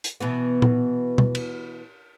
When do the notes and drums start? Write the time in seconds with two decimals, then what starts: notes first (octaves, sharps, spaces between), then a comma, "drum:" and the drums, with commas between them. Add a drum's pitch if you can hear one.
0.04 drum: hi-hat
0.20 B2 E3 B3
0.62 drum: tom A#2
1.18 drum: tom B2
1.35 drum: cymbal